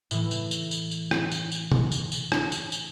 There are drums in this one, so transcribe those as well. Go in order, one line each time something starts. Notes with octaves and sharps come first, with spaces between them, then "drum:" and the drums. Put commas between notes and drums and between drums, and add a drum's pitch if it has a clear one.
A2 E3, drum: tambourine
drum: tambourine
drum: tambourine
drum: tambourine
drum: tambourine
drum: rim click
drum: tambourine
drum: tambourine
drum: tom
drum: tambourine
drum: tambourine
drum: rim click
drum: tambourine
drum: tambourine